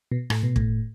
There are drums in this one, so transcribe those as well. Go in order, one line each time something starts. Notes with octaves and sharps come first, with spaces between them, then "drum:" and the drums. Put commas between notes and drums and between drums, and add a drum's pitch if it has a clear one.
B2
A2, drum: rim click
B2
A2, drum: kick